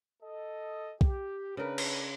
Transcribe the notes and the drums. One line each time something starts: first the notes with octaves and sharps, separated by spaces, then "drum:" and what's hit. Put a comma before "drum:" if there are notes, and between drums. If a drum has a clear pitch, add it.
A4 D#5
G4, drum: kick B1
C#3 D4 A#4 B4
drum: cymbal